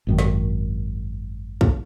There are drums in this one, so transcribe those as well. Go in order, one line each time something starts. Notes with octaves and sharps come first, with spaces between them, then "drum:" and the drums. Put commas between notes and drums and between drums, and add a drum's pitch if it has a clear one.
G#1 F#2 D#3
drum: snare
drum: kick